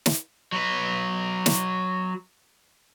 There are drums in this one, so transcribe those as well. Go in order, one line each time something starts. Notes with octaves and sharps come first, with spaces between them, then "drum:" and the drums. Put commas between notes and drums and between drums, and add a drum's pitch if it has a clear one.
drum: snare
F#3 B4
drum: snare